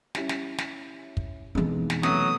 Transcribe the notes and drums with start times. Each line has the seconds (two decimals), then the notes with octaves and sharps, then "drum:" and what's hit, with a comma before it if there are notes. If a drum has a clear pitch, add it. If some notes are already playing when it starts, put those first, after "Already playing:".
0.15 G3 C#4 E4, drum: snare
0.29 drum: snare
0.58 drum: snare
1.17 drum: kick
1.55 F2 B2 E3 G#3 D#4
1.90 drum: snare
2.03 C3 F#3 A3 B3 D#6, drum: snare